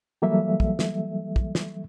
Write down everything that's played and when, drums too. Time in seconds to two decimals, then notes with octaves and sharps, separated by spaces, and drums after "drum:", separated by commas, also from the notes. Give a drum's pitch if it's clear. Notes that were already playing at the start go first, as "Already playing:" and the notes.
0.22 E3 F#3 G3 A#3 A4 E5
0.60 drum: kick
0.79 drum: snare
1.36 drum: kick
1.55 drum: snare